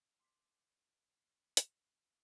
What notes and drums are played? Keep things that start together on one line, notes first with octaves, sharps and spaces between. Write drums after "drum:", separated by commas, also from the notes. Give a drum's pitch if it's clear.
C6 D6 B6
drum: hi-hat